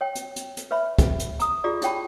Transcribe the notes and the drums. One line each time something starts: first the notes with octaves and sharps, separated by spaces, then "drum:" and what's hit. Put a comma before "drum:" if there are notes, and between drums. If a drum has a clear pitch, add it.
C#5 G5
drum: hi-hat
drum: hi-hat
drum: hi-hat
B4 C#5 E5 B5
drum: kick, hi-hat
drum: hi-hat
A#5 D#6, drum: hi-hat
F4 G4 G#4 D5 A#5
E4 G4 C#5 G5 A5 B5, drum: hi-hat